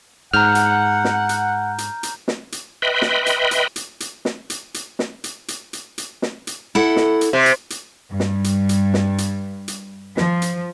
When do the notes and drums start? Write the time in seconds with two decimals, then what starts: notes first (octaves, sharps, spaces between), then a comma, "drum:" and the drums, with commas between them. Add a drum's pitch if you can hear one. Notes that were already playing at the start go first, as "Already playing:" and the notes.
0.33 G#2 F#5 A#5 F6 G6
0.55 drum: hi-hat
1.04 drum: snare
1.29 drum: hi-hat
1.78 drum: hi-hat
2.03 drum: hi-hat
2.28 drum: snare
2.52 drum: hi-hat
2.82 B4 D#5 E5 G5 B5 C6
3.02 drum: snare
3.26 drum: hi-hat
3.51 drum: hi-hat
3.76 drum: hi-hat
4.00 drum: hi-hat
4.25 drum: snare
4.50 drum: hi-hat
4.74 drum: hi-hat
4.99 drum: snare
5.24 drum: hi-hat
5.48 drum: hi-hat
5.73 drum: hi-hat
5.98 drum: hi-hat
6.22 drum: snare
6.47 drum: hi-hat
6.75 E4 A4 F#5
6.96 drum: snare
7.21 drum: hi-hat
7.33 C3
7.46 drum: hi-hat
7.70 drum: hi-hat
8.10 G2
8.20 drum: snare
8.44 drum: hi-hat
8.69 drum: hi-hat
8.94 drum: snare
9.18 drum: hi-hat
9.68 drum: hi-hat
10.17 F3, drum: snare
10.42 drum: hi-hat